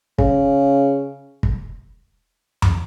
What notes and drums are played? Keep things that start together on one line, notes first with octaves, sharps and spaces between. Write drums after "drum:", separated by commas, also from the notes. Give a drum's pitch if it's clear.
C#3, drum: kick
drum: kick
drum: tom F2